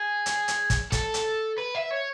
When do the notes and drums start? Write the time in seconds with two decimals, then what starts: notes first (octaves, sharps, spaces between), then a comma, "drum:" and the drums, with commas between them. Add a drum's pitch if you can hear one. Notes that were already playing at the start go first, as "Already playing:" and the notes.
Already playing: G#4
0.26 drum: hi-hat
0.48 drum: hi-hat
0.70 drum: kick, hi-hat
0.92 A4, drum: kick, hi-hat
1.14 drum: hi-hat
1.58 B4
1.75 E5
1.91 C#5